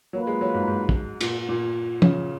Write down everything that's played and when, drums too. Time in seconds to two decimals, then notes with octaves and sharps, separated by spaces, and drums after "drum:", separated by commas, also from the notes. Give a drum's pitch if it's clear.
0.13 F#3 A#3 F4 B4
0.27 G#3
0.41 F#3
0.54 G#2
0.68 G#2
0.89 drum: kick
1.21 A#2, drum: cymbal
1.49 A#2
2.02 C#3, drum: tom